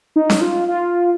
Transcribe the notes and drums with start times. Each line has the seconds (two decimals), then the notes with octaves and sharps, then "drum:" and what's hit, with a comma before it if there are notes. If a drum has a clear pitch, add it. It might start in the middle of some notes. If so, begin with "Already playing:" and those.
0.16 D#4
0.30 drum: snare C#4
0.41 F4
0.68 F4